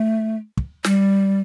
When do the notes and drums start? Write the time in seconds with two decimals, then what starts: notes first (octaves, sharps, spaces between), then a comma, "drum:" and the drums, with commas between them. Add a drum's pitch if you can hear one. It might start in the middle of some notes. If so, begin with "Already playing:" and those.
Already playing: A3
0.57 drum: kick
0.84 G3, drum: snare